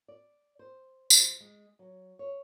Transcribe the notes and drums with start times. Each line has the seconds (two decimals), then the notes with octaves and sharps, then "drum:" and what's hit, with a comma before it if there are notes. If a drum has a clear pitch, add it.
0.08 D5
0.59 C5
1.10 C5, drum: tambourine
1.40 G#3
1.79 F#3
2.19 C#5